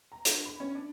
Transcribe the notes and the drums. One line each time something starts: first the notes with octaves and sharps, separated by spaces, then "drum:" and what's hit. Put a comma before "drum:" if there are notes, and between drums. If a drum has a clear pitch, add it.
A#5
D4, drum: hi-hat
B5
C#4
D4